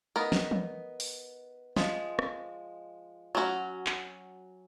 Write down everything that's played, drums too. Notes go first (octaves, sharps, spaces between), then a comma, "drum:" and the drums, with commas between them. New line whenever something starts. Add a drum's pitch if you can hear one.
B3 D#4 A#4
drum: snare
drum: tom
drum: open hi-hat
F3 G#3, drum: snare
drum: rim click
F#3 C#4 F#4
drum: clap